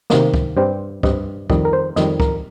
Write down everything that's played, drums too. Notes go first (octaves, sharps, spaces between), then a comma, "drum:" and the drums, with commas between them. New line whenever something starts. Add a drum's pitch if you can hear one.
C3 D#3 A#3 D#5, drum: snare
drum: kick
G2 G3 C4 C5
G2 G3 C4 D#5, drum: kick
F2 D#3 G3 D#5, drum: kick
A#4
C5
F2 D#3 G3 D#5, drum: snare
A#4, drum: kick